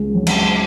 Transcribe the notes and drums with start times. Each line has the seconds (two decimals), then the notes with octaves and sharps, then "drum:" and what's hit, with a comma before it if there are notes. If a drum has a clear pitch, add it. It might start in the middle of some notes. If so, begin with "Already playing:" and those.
Already playing: C#2
0.14 F#3
0.27 drum: cymbal